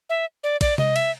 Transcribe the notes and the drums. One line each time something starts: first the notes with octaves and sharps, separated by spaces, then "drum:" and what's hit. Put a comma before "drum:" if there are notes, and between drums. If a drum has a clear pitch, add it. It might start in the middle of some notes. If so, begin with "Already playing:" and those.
E5
D5
D5, drum: kick, cymbal
D#5, drum: tom C3
E5, drum: cymbal